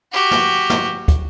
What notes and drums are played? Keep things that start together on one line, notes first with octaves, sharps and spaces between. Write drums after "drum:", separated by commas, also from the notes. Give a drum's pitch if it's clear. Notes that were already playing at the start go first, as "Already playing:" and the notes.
F#4 G4
drum: snare
drum: snare
drum: kick, hi-hat